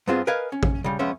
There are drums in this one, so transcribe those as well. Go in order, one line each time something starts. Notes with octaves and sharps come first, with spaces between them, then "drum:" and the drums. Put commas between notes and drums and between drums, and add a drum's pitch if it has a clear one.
G2 B3 C4 F4 G#4
A#4 B4 D#5 F5 G#5
C#4
drum: kick A1
C#3 G3
F3 G#3 B3 C#4 E5